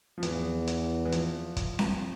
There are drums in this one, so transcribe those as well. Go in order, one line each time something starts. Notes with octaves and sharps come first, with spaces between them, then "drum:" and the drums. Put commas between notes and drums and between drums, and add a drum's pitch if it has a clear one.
F3
E2 E3, drum: hi-hat
drum: hi-hat
E3
F3, drum: hi-hat
drum: kick, hi-hat
drum: snare C4